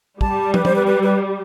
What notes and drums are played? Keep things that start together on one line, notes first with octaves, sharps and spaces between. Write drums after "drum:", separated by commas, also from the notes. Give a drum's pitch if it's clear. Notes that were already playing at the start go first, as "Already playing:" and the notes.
G3 A5, drum: kick
B4, drum: tom
C5, drum: tom
B4
B4
B4